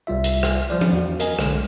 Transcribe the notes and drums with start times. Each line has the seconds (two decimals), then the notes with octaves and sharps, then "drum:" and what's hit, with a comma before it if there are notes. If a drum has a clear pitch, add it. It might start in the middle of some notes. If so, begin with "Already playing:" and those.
0.07 C2 G3 F4 E5
0.24 drum: hi-hat
0.43 drum: rim click
0.70 F3 D5
0.81 drum: tom F3
0.93 E2 F#4
1.20 A#4 D#5 G#5, drum: hi-hat
1.39 B1 D3 G#3, drum: rim click